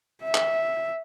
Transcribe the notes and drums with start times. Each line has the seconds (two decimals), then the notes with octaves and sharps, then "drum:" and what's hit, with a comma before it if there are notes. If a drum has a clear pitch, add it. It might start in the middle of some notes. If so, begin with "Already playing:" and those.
0.24 E5
0.35 drum: clap